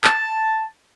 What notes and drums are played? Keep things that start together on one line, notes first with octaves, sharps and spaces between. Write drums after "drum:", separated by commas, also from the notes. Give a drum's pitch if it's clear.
A5, drum: clap